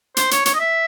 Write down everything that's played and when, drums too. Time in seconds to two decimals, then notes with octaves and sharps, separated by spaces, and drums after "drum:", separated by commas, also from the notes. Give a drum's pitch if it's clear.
0.17 C5, drum: hi-hat
0.31 C#5, drum: hi-hat
0.46 C#5, drum: hi-hat
0.54 D#5
0.60 E5